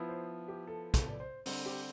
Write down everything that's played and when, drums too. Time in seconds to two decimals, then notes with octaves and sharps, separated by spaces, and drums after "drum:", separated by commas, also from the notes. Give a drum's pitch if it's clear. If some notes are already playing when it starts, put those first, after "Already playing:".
Already playing: F3 B3 E4
0.09 C5
0.48 G4
0.67 A4
0.94 A4, drum: kick, hi-hat
1.09 D5
1.20 C5
1.46 D3 G3 C4, drum: open hi-hat
1.66 G4